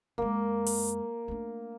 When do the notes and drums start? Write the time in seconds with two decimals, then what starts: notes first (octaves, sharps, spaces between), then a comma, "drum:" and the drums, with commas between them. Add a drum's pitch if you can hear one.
0.18 F2 G#3 A#3
0.66 drum: open hi-hat
1.28 A3 D4